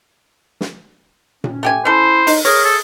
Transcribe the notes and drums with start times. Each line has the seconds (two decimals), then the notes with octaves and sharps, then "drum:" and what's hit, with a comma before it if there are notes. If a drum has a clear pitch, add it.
0.61 drum: snare
1.44 C#4, drum: tom A#2
1.63 A3 G4 G#5
1.85 C#4 E4 A4 C5
2.27 D#4, drum: open hi-hat
2.45 G#4 A#4 C#5, drum: open hi-hat
2.65 A4